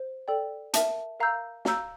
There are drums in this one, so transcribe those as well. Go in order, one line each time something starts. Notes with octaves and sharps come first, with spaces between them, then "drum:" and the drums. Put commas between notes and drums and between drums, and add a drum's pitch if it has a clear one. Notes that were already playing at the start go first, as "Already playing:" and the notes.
Already playing: C5
A4 D5 G5
A#4 E5 A5, drum: hi-hat
A#4 F5 A#5 E6 G6
F5 A#5 E6 G6, drum: snare